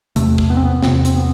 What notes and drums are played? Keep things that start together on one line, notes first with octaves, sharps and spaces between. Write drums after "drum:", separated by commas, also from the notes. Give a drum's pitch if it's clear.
E2 C3 A3, drum: hi-hat
drum: kick
B3
C4
B3
E2 C3 C4, drum: snare
C4, drum: hi-hat
B3